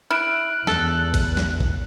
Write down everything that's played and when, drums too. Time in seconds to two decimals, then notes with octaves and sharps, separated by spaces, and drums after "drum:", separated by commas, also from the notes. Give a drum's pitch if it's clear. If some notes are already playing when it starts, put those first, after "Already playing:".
0.10 E4 F6 F#6 D7
0.67 E2 A4, drum: snare
1.14 drum: kick A1, cymbal
1.37 drum: snare
1.60 drum: kick A1